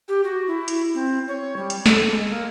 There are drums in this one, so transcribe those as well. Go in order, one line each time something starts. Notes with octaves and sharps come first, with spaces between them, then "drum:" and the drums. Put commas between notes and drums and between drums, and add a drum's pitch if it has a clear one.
G4
F#4
E4
drum: hi-hat
C4
C#5
G3
drum: hi-hat
A4, drum: snare
G#3
A#3